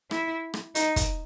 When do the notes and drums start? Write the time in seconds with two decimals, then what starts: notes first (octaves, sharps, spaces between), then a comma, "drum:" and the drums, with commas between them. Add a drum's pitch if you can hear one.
0.11 E4, drum: rim click
0.54 drum: rim click
0.75 D#4, drum: hi-hat
0.96 drum: kick, hi-hat